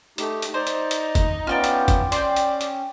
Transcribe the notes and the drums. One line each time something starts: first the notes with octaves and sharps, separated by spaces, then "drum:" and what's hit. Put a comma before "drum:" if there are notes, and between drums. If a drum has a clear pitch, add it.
A3 D#4 G4, drum: hi-hat
drum: hi-hat
D#4 C5 D5
drum: hi-hat
drum: hi-hat
drum: kick, hi-hat
B3 C#4 F4 D5 G5 F6
drum: hi-hat
drum: kick, hi-hat
C#4 D5 G5 C6, drum: hi-hat
drum: hi-hat
drum: hi-hat